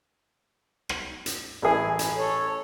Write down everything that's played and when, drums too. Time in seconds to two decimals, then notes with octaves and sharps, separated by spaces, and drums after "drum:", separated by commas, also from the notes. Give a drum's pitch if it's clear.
0.89 drum: rim click
1.26 drum: hi-hat
1.62 A1 E4 G#4
1.99 drum: hi-hat
2.17 A4 C#5